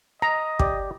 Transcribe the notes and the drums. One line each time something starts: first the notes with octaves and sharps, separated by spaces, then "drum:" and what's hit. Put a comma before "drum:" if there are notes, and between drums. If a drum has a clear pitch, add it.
D#5 A#5
G4 D5, drum: kick